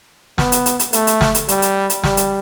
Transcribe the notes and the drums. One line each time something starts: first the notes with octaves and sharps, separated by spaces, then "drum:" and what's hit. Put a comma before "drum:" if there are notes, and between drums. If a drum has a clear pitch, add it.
B3, drum: snare
drum: hi-hat
drum: hi-hat
drum: hi-hat
A3, drum: hi-hat
drum: hi-hat
drum: snare
drum: hi-hat
G3, drum: hi-hat
drum: hi-hat
drum: hi-hat
G3, drum: snare
drum: hi-hat